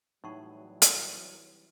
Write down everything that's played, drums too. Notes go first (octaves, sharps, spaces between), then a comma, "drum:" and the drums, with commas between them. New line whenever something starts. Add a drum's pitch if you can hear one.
A2 C3 E3 F#3 G3 D#4 G#4 C#6
drum: hi-hat